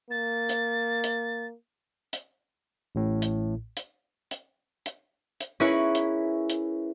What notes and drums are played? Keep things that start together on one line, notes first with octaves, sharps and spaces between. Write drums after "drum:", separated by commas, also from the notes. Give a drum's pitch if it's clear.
A#3 A6
drum: hi-hat
drum: hi-hat
drum: hi-hat
A1 A2
drum: hi-hat
drum: hi-hat
drum: hi-hat
drum: hi-hat
drum: hi-hat
C#4 E4 G#4 A#4 B4 C#5
drum: hi-hat
drum: hi-hat